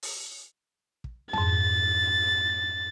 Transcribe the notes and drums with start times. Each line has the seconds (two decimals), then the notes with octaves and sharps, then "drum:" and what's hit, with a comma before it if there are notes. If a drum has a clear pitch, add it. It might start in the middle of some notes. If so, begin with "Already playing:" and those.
0.03 drum: open hi-hat
1.04 drum: kick
1.33 F2 G#2 A6, drum: tom F2